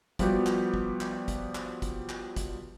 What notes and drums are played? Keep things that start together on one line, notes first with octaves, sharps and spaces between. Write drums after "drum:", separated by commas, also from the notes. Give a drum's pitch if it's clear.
F3 G3 B3 F#4 G4, drum: kick, hi-hat
drum: clap
drum: kick
drum: clap
drum: kick, hi-hat
drum: clap
drum: kick, hi-hat
drum: clap
drum: kick, hi-hat